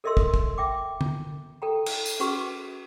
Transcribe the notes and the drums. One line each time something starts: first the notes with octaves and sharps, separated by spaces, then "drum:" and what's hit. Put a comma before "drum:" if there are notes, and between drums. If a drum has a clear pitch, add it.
A4 A#4 D#5 E5 C6 E6
drum: kick
drum: kick
E5 G5 D6
drum: tom
A4 G5 A#5
drum: cymbal
drum: tambourine
C#4 F#4 G#4 B4 C#6, drum: hi-hat